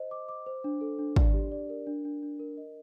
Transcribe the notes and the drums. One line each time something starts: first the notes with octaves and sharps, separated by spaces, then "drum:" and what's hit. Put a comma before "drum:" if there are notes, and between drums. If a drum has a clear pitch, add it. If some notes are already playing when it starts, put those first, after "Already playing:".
Already playing: C5 D#5
D6
D6
C5
D4
A4
D4
D5, drum: kick
G4
D5
A#4
D4
D4
D4
A#4
D#5